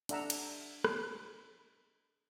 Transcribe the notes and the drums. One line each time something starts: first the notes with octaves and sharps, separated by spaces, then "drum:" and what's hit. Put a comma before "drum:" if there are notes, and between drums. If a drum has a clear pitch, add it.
D4 A4 E5 F#5 A#5 E6, drum: hi-hat
drum: cymbal
drum: rim click